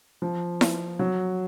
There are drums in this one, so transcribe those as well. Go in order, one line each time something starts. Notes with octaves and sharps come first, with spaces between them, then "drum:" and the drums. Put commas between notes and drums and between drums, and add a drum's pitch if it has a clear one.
F3
drum: snare E4
F#3